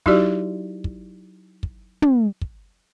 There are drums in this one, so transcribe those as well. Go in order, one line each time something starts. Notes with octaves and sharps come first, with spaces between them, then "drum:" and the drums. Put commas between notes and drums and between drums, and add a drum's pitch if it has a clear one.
F#3 D#4 E4 F#4 G4 D5, drum: kick
drum: kick
drum: kick
drum: tom
drum: kick